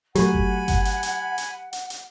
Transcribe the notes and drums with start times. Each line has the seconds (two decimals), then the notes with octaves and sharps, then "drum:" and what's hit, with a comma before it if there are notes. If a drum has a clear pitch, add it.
0.15 F#3 A3 G4 F#5 G#5 B5, drum: hi-hat
0.33 drum: kick G1
0.68 drum: kick G1, hi-hat
0.85 drum: hi-hat
1.03 drum: hi-hat
1.38 drum: hi-hat
1.73 drum: hi-hat
1.90 drum: hi-hat